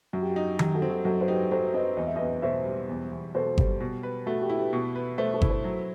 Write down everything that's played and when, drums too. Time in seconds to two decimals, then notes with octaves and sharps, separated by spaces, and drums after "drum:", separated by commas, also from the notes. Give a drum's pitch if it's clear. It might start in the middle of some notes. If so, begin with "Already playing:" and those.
0.13 F#2 F#4
0.22 G4
0.31 F#4
0.36 D#4
0.59 F#3 G4, drum: tom D#3
0.74 F#4 A4
0.82 C4
0.90 F#4 A4
1.04 F#2 F#4 A4
1.21 C5
1.28 D#4 G4 B4
1.51 F#3 A4 C5
1.74 C4 B4 D#5
1.97 E2 D#5
2.07 E5
2.16 E2 B4 D#5
2.42 B2 C5 E5
2.65 G3
2.89 E2
3.11 E2
3.35 B2 A4 C5
3.58 G3, drum: kick G1
3.81 B2
4.03 B4
4.26 A3 F#4 A4
4.42 G4
4.50 E4
4.57 G4 B4
4.73 B2
4.96 B4
5.18 A3 A4 C5
5.34 A4 C5
5.42 E4, drum: kick G1
5.49 A4 C5
5.64 F#3